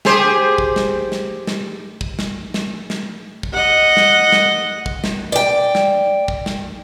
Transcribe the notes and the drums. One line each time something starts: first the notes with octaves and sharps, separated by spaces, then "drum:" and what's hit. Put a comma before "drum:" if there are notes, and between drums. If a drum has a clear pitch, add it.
G4 G#4 C5, drum: snare
drum: kick
drum: snare
drum: snare
drum: snare
drum: kick
drum: snare
drum: snare
drum: snare
drum: kick
D#5 F#5
drum: snare
drum: snare
drum: kick
drum: snare
D5 G5
drum: snare
drum: kick
drum: snare